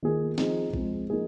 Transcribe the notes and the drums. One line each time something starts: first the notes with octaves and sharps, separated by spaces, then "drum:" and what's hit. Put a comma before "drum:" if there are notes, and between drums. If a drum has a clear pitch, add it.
D#3 A#3 F4 G#4
F3 C4 D#4 G#4, drum: snare
F3 G#3 C4, drum: kick A#1
F3 A#3 D#4 G#4